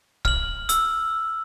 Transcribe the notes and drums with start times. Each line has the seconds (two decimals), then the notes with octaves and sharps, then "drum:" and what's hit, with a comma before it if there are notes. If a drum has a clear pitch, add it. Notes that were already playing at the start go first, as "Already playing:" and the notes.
0.25 F6 F#7, drum: kick
0.69 E6, drum: hi-hat